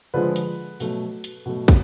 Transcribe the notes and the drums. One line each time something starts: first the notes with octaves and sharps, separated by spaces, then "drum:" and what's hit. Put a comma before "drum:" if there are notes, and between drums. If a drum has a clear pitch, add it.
D3 F3 G#3 B4
drum: hi-hat
B2 F#3 A3, drum: open hi-hat
drum: hi-hat
B2 F#3 A3
drum: kick, hi-hat